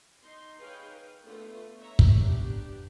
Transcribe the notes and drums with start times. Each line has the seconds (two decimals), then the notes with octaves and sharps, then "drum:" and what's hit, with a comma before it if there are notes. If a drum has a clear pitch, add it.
0.23 D#4 C6
0.59 D#4 G#4 B4 C#5 F5 G5
0.94 B4
1.25 A3 B3 D4 F4 B4
1.79 C#5 E5 A#5
1.99 drum: kick
2.18 B3 D4 G4